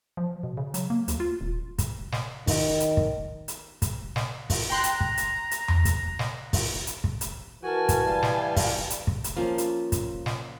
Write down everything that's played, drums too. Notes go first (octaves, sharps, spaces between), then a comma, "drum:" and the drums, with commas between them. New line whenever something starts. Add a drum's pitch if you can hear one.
F3
B2
C#3
F#3, drum: hi-hat
A#3
D2, drum: hi-hat
F4
D#1
drum: kick, hi-hat
drum: snare
D#3, drum: kick, open hi-hat
drum: hi-hat
drum: kick
drum: hi-hat
drum: kick, hi-hat
drum: snare
drum: kick, open hi-hat
G5 A#5 C6 F#6
drum: hi-hat
drum: kick
drum: hi-hat
drum: hi-hat
drum: tom E2
drum: kick, hi-hat
drum: snare
drum: kick, open hi-hat
drum: hi-hat
drum: kick
drum: hi-hat
E3 F#4 A#4 G#5 A5
drum: kick, hi-hat
G3 F5
drum: snare
drum: kick, open hi-hat
drum: hi-hat
drum: kick
drum: hi-hat
F3 A#3 C#4
drum: hi-hat
drum: kick, hi-hat
drum: snare